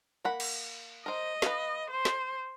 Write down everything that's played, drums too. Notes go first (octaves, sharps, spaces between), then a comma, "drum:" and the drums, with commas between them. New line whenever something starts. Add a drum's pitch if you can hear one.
A#3 F#5 B5
drum: cymbal
A#4 C5 D#5
B4 F5, drum: snare
C5
drum: snare